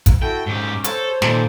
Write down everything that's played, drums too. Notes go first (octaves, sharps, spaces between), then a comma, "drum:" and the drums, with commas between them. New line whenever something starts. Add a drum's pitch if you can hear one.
drum: kick, hi-hat
E4 F#4 A4 G5
G#2 C#4 G4
A4 C5 C#5, drum: hi-hat
A#2 D#3 A4 C5, drum: snare